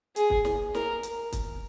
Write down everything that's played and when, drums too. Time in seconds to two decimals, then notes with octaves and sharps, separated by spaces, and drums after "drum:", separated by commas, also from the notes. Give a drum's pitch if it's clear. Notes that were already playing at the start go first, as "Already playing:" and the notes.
0.16 G#4, drum: hi-hat
0.30 drum: kick
0.45 drum: snare
0.75 A#4, drum: snare
1.03 drum: hi-hat
1.32 drum: kick, hi-hat